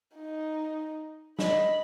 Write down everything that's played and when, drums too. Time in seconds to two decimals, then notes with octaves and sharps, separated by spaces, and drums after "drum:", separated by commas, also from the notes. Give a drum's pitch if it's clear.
0.16 D#4
1.39 D#5 B5, drum: snare